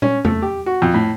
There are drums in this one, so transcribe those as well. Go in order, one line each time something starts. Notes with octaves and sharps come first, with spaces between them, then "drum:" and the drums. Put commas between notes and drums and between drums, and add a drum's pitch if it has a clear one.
C#4, drum: tom
A3, drum: tom E2
G4
F#4
F2
A2